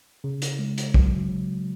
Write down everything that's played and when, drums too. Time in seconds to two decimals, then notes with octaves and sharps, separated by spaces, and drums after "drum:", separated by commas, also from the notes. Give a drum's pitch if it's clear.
0.24 C#3
0.42 drum: hi-hat
0.59 G#3
0.78 drum: hi-hat
0.94 F#3, drum: kick